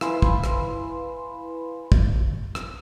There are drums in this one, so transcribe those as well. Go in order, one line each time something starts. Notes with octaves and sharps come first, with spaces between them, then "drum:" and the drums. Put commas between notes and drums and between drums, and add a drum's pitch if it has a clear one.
E4 B4 F5 G#5 B5 C6, drum: rim click
drum: kick
drum: rim click
drum: kick
drum: rim click